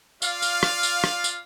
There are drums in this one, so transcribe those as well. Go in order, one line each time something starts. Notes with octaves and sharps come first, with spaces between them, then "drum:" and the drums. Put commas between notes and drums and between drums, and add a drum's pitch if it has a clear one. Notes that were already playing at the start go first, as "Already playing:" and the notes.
F4 D5 F5, drum: tambourine
drum: tambourine
drum: rim click
drum: tambourine
drum: rim click
drum: tambourine